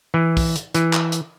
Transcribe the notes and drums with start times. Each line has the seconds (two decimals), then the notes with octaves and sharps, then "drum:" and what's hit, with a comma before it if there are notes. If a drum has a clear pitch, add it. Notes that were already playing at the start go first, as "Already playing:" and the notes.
0.14 E3
0.37 drum: kick, open hi-hat
0.56 drum: hi-hat
0.75 E3, drum: hi-hat
0.93 drum: clap
1.12 drum: hi-hat